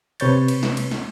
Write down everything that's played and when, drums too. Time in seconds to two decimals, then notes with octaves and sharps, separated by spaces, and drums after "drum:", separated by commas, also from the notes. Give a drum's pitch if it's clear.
0.20 C3 B4 C#5 G6 A6, drum: cymbal
0.48 drum: cymbal
0.63 drum: snare
0.77 drum: cymbal
0.91 drum: snare